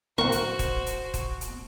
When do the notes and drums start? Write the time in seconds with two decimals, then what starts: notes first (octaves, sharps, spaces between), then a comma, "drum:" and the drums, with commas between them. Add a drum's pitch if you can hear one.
0.18 F#4 A#4 C5 F#5 C#6
0.32 drum: hi-hat
0.59 drum: kick D#1, hi-hat
0.86 drum: hi-hat
1.14 drum: kick D#1, hi-hat
1.41 drum: hi-hat